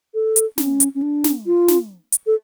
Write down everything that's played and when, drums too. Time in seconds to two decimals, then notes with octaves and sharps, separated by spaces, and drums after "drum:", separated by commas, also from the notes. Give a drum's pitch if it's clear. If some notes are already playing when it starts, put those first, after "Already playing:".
0.14 A4
0.36 drum: hi-hat
0.58 C#4, drum: snare
0.80 drum: hi-hat
0.95 C#4
1.02 D4
1.24 drum: snare
1.46 F4
1.68 drum: snare
2.12 drum: hi-hat
2.27 A4